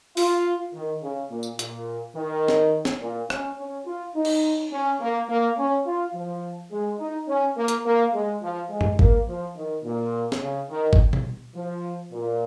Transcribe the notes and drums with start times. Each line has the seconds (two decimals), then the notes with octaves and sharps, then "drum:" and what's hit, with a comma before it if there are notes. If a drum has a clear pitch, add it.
0.17 F4, drum: open hi-hat
0.74 D#3
1.03 C#3
1.31 A#2
1.43 drum: tambourine
1.59 A#2, drum: hi-hat
2.16 D#3
2.48 drum: snare
2.85 drum: snare
3.01 A#2
3.30 C#4, drum: rim click
3.59 C#4
3.86 F4
4.16 D#4
4.25 drum: cymbal
4.72 C#4
5.01 A#3
5.29 A#3
5.58 C#4
5.87 F4
6.15 F3
6.72 G#3
7.00 D#4
7.29 C#4
7.57 A#3
7.68 drum: hi-hat
7.86 A#3
8.14 G#3
8.42 F3
8.70 G#3
8.81 drum: tom F#2
8.99 A#3, drum: kick G1
9.28 F3
9.56 D#3
9.85 A#2
10.32 drum: snare
10.42 C#3
10.70 D#3
10.93 drum: kick G1
11.13 drum: tom B2
11.56 F3
12.13 A#2